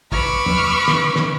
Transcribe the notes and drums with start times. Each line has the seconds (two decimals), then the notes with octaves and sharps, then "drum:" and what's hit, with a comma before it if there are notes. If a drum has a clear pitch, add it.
0.12 B4 B5 C#6 D6 E6 F6, drum: kick
0.46 drum: tom
0.88 drum: snare
1.16 drum: snare